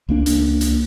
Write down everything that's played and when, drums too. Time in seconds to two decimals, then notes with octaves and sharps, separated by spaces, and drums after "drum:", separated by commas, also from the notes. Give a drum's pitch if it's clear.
0.09 C#2 A#3 D4
0.26 drum: hi-hat
0.61 drum: hi-hat